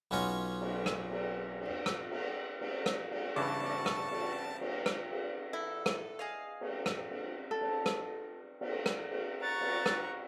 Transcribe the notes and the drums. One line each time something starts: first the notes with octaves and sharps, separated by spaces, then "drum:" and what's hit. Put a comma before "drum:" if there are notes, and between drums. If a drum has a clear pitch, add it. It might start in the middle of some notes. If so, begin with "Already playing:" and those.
B1 B3 C#4 F4 D#5 C#6
drum: cymbal
drum: rim click
drum: cymbal
drum: cymbal
drum: rim click
drum: cymbal
drum: cymbal
drum: rim click
drum: cymbal
G2 C#3 E3 A5 C#6 D6
drum: cymbal
drum: rim click
drum: cymbal
drum: cymbal
drum: rim click
drum: cymbal
E3 E4 A4
drum: rim click
G#4 D#5 F5
drum: cymbal
drum: rim click
drum: cymbal
A4
drum: cymbal
drum: rim click
drum: cymbal
drum: rim click
drum: cymbal
F#4 A#5 C#6 A6
drum: cymbal
drum: rim click